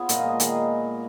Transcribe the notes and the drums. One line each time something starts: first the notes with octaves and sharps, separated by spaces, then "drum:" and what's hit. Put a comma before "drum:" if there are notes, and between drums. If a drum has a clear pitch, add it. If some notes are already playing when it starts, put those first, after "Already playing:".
Already playing: B3 F4 G#4 C#5
A#2 D#5, drum: hi-hat
G#3 F5
D#5
D#3 G#4, drum: hi-hat